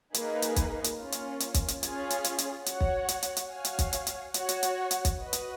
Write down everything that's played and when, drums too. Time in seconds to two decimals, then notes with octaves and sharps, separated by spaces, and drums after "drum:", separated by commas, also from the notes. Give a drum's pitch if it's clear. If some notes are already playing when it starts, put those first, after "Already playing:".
0.14 A#3 D#4 G#4 B4, drum: hi-hat
0.42 drum: hi-hat
0.56 drum: kick, hi-hat
0.84 drum: hi-hat
0.98 A#3 C#4 F4
1.12 drum: hi-hat
1.40 drum: hi-hat
1.54 drum: kick, hi-hat
1.68 drum: hi-hat
1.83 C#4 F4 G#4, drum: hi-hat
2.10 drum: hi-hat
2.24 drum: hi-hat
2.38 drum: hi-hat
2.66 F#4 C#5 F#5, drum: hi-hat
2.80 drum: kick
3.08 drum: hi-hat
3.23 drum: hi-hat
3.37 drum: hi-hat
3.50 F#4 C#5 F5 G#5
3.65 drum: hi-hat
3.79 drum: kick, hi-hat
3.93 drum: hi-hat
4.07 drum: hi-hat
4.34 F#4 C#5 F#5, drum: hi-hat
4.49 drum: hi-hat
4.63 drum: hi-hat
4.91 drum: hi-hat
5.05 drum: kick, hi-hat
5.18 F#4 B4 D#5
5.33 drum: hi-hat